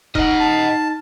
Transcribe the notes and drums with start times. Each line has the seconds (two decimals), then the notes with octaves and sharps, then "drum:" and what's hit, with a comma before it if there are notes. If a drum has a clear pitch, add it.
0.15 D#4 D#5 F#5 F6, drum: kick E1
0.40 A5